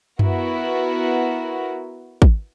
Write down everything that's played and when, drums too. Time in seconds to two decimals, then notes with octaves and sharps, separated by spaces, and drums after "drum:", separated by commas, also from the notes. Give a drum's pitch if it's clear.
0.19 B3 E4 F#4 A#4, drum: tom F#2
2.22 drum: kick